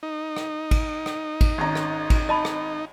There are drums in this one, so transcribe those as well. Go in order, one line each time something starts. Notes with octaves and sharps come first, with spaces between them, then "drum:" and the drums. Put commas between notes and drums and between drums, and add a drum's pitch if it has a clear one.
D#4
drum: rim click
drum: kick G#1, cymbal
drum: rim click
drum: kick G#1, cymbal
G#1 C#4 A#5
drum: rim click
drum: kick G#1, cymbal
D#5 A5 B5
drum: rim click